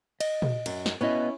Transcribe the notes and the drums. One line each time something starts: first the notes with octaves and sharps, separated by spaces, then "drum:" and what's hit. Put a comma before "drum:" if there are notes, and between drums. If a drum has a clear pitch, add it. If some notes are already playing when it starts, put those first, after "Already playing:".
D#5, drum: cymbal
drum: tom A#2
F#2, drum: cymbal
drum: snare
B3 C#4 E4 D#5